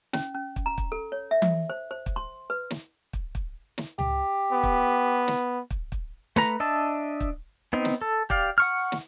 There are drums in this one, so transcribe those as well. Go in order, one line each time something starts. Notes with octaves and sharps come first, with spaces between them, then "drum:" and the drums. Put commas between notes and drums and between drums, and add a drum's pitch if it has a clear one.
C#4, drum: snare
C#4
drum: kick
A#5
drum: kick
A4
C#5
E5
drum: tom E3
C5
C5
drum: kick
C6
B4
drum: snare
drum: kick
drum: kick
drum: snare
G4, drum: tom C#2
B3
drum: kick
drum: snare
drum: kick
drum: kick
A3 B4 A#5, drum: snare
D4 D#5 E5 A5
drum: kick
B3 C4 D#4
drum: snare
A4
G4 D5 F5, drum: kick
F#5 C#6 F6
drum: snare